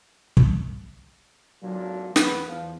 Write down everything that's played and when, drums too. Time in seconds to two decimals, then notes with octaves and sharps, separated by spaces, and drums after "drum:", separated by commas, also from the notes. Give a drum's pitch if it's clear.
0.37 drum: kick
1.63 G#1 A#2 D3 F#3
2.16 E2 B3 B4, drum: snare
2.47 E2 F3